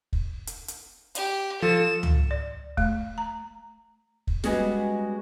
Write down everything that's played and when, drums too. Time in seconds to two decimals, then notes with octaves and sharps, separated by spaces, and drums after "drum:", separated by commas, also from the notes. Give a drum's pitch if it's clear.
0.13 drum: kick
0.47 drum: hi-hat
0.68 drum: hi-hat
1.15 G4, drum: hi-hat
1.62 F3 A4 E7
2.03 drum: tom C#2
2.31 D5
2.77 A3, drum: kick
3.18 A#5
4.27 drum: kick
4.44 G3 G#3 B3 C#4 F#4 G#4, drum: snare